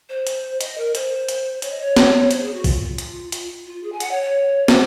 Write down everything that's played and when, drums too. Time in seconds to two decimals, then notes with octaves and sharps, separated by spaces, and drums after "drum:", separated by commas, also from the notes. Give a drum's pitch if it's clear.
0.09 C5
0.27 drum: hi-hat
0.61 D#5, drum: hi-hat
0.78 A#4
0.95 C5, drum: hi-hat
1.29 drum: hi-hat
1.62 C#5, drum: hi-hat
1.71 D#5
1.81 C#5
1.96 drum: snare
2.31 C5, drum: hi-hat
2.42 G#4
2.53 F#4
2.64 F4, drum: kick, open hi-hat
2.98 drum: hi-hat
3.32 drum: hi-hat
3.66 F4
3.83 G#4
3.92 G#5
4.00 F#5, drum: hi-hat
4.11 C#5
4.23 C#5
4.68 C5, drum: snare